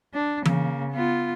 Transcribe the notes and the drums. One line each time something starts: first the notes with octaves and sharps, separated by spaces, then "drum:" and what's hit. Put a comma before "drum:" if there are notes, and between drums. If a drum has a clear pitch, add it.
D4
C#3 A#3, drum: tom E3
B3 F4